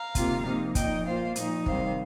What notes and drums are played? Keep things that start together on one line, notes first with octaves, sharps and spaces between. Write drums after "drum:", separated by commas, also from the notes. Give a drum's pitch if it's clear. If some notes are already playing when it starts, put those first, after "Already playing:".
Already playing: F5 A#5
C3 D#3 A#3 F4, drum: kick, hi-hat
C3 F3 A#3 D#4
A#2 F3 D#4 D#5 G5, drum: kick, hi-hat
A#2 A#3 F4 C5 F5
A#2 F3 D#4, drum: hi-hat
C3 D#3 G3 C5 F5, drum: kick